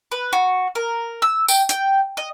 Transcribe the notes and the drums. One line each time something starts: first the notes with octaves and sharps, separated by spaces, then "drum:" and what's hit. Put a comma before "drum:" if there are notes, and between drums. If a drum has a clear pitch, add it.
B4
F#4
A#4
E6
G5, drum: tambourine
G5, drum: hi-hat
D#5